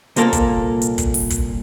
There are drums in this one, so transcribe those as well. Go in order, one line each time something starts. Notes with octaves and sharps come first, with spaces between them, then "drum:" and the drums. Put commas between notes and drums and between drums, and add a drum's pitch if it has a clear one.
C2 A#2 A#3 A4 A#4, drum: hi-hat
drum: kick, hi-hat
drum: hi-hat
drum: kick, hi-hat
drum: open hi-hat
drum: kick, hi-hat